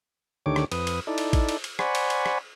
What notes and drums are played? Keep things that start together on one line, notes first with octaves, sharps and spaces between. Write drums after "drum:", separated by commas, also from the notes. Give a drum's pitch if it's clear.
D2 D3 D#3 G4 C#5 D6
drum: rim click
F2 B4 D#6, drum: cymbal
drum: cymbal
D#4 E4 A4 D5
drum: cymbal
drum: kick, cymbal
drum: cymbal
drum: cymbal
C5 D5 F#5 G#5 B5 C#6, drum: rim click
drum: cymbal
drum: cymbal
drum: rim click